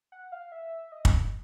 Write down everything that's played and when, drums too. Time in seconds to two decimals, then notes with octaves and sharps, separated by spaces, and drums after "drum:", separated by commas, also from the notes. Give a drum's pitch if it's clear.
0.12 F#5
0.32 F5
0.52 E5
0.92 D#5
1.05 drum: kick